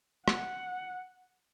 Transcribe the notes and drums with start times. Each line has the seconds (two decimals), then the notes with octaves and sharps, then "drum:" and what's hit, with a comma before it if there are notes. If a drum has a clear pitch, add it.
0.28 F#5, drum: rim click